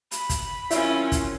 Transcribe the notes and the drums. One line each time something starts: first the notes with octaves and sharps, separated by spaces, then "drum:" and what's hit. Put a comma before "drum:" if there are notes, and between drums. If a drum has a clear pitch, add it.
B5, drum: hi-hat
drum: kick, hi-hat
D#3 F#3 C4 C#4 E4 F4, drum: hi-hat
drum: kick, hi-hat